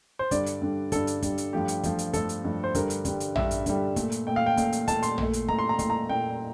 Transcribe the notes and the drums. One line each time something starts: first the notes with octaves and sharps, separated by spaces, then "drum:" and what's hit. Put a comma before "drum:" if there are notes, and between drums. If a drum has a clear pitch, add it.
C5
G2 D3 G3 D5, drum: kick, hi-hat
drum: hi-hat
G2 D3 G3
G2 D3 G3 A4, drum: kick, hi-hat
drum: hi-hat
G2 D3 G3, drum: kick, hi-hat
drum: hi-hat
G2 F3 A3 G4
drum: hi-hat
G2 F3 A3, drum: kick, hi-hat
drum: hi-hat
G2 F3 A3 A4, drum: kick, hi-hat
drum: hi-hat
G2 F3 A3
C5
G2 D3 G3 A#4, drum: kick, hi-hat
drum: hi-hat
G2 D3 G3, drum: kick, hi-hat
drum: hi-hat
G2 D3 G3 E5, drum: tom
drum: hi-hat
G2 D3 G3, drum: kick, hi-hat
A#2 A3, drum: kick, hi-hat
drum: hi-hat
A#2 A3 G5
F5
G5
A#2 A3, drum: kick, hi-hat
drum: hi-hat
A#2 A3 A5, drum: kick, hi-hat
C6, drum: hi-hat
A#2 A3, drum: tom
drum: hi-hat
A#2 A3 A#5, drum: kick
C6
A#5
A#2 A3 C6, drum: kick, hi-hat
A#5
A#2 A3 G5